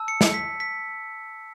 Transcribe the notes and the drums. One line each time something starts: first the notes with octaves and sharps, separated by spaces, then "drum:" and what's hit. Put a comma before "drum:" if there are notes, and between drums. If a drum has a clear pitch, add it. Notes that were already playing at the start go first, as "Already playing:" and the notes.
Already playing: A5 E6
C#7
drum: snare
B6
B6